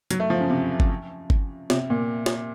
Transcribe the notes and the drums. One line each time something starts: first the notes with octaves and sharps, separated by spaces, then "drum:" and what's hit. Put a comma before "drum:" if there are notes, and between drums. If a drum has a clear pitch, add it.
F#3, drum: hi-hat
A3
F3
C#3
C3
drum: kick G1
drum: kick G1
C3, drum: snare
A#2
drum: snare